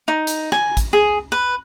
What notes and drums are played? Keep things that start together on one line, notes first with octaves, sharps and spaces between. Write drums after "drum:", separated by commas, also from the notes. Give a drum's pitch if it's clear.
D#4
drum: hi-hat
G#5, drum: rim click
drum: kick A1, hi-hat
G#4
B4